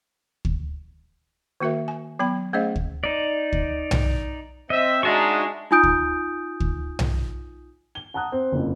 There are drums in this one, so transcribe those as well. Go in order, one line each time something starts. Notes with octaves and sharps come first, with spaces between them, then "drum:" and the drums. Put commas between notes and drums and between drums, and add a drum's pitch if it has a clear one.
drum: kick D2
D#3 A#3 F#4 A#4 E5
G#5
F#3 B3 G5 B5
A3 C#4 G#4 C5 D#5 F5
drum: kick D2
D#4 D5
drum: kick D2
drum: tom B1
C4 C5 D#5 E5
G#3 D4 D#4 F#4 E5 A5 C#6
D#4 F4 G#5 D#6 G6 D7
drum: kick D2
drum: kick D2
drum: tom B1
G7
F#5 A5 A#5 D#6 F#6
C4
F#1 F2